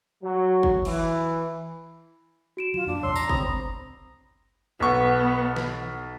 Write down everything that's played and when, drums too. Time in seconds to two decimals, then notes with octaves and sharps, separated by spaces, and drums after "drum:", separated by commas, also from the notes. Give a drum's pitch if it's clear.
0.23 F#3
0.63 drum: kick
0.85 E3, drum: cymbal
2.57 F#4 D7 E7
2.74 F#3 F4 E7
2.87 F#2 A#2 F#3 D4
3.03 A#1 E2 C3 C#5 C6 E6
3.16 A#5, drum: tambourine
3.29 G1 C#2 C4 B5 C6 D#6, drum: kick
4.80 B1 B3 C#6
5.56 drum: snare